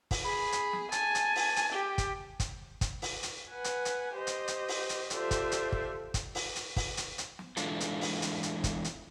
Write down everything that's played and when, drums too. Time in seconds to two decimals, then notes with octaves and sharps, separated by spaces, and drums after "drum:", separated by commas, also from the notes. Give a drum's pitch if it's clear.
0.11 drum: kick, open hi-hat
0.25 G#4 B5
0.52 drum: hi-hat
0.73 drum: snare
0.92 G#5 A5, drum: hi-hat
1.15 drum: hi-hat
1.36 drum: open hi-hat
1.56 drum: hi-hat
1.73 G4
1.98 drum: kick, hi-hat
2.40 drum: kick, hi-hat
2.81 drum: kick, hi-hat
3.02 drum: open hi-hat
3.23 drum: hi-hat
3.49 B4 F#5 G#5
3.64 drum: hi-hat
3.85 drum: hi-hat
4.14 G4 C5 D#5
4.27 drum: hi-hat
4.48 drum: hi-hat
4.68 drum: open hi-hat
4.89 drum: hi-hat
5.10 F4 G4 A4 C5 D5 E5, drum: hi-hat
5.31 drum: kick, hi-hat
5.52 drum: hi-hat
5.72 drum: kick
6.14 drum: kick, hi-hat
6.35 drum: open hi-hat
6.56 drum: hi-hat
6.76 drum: kick, open hi-hat
6.97 drum: hi-hat
7.18 drum: hi-hat
7.39 drum: snare
7.57 E3 G#3 D4 F4 A4, drum: hi-hat
7.80 drum: hi-hat
8.01 drum: open hi-hat
8.22 drum: hi-hat
8.43 drum: hi-hat
8.64 drum: kick, hi-hat
8.84 drum: hi-hat